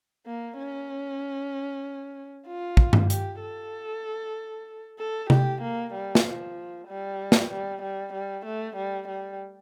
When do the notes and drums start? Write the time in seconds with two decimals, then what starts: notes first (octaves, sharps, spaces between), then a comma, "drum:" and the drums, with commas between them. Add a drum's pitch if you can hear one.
0.27 A#3
0.58 C#4
2.47 F4
2.77 drum: kick
2.93 drum: tom G2
3.10 G4, drum: hi-hat
3.41 A4
4.99 A4
5.30 G4, drum: tom C3
5.62 A#3
5.93 G3
6.15 drum: snare
6.24 F3
6.87 G3
7.32 drum: snare
7.50 G3
7.82 G3
8.13 G3
8.45 A3
8.76 G3
9.08 G3